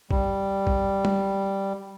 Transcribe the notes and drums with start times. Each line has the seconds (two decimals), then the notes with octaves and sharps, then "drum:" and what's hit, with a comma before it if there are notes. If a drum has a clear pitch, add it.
0.11 G3, drum: kick A1
0.67 drum: kick A1
1.05 drum: tom G3